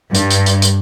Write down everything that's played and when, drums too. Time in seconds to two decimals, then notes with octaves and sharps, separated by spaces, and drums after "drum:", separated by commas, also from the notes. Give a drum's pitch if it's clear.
0.15 G2, drum: hi-hat
0.30 drum: hi-hat
0.46 drum: hi-hat
0.62 drum: hi-hat